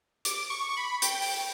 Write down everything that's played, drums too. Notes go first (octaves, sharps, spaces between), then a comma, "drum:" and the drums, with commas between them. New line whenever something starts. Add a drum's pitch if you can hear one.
D6, drum: hi-hat
C#6
C#6
B5
G5, drum: hi-hat
drum: open hi-hat